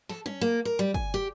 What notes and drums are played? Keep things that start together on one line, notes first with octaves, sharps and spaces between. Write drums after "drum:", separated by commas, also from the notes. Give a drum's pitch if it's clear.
A4, drum: snare
C#4, drum: tom F#3
A#3
A#4
G3
G#5, drum: kick
G4